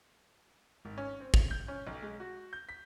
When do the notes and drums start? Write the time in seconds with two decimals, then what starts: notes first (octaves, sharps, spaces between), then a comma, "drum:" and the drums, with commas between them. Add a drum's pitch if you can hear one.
0.85 G#1
0.98 C#4
1.20 C4
1.34 F7, drum: kick A1
1.51 G6
1.68 C#4
1.87 B1
2.02 G#3
2.20 F#4
2.53 G6
2.69 B6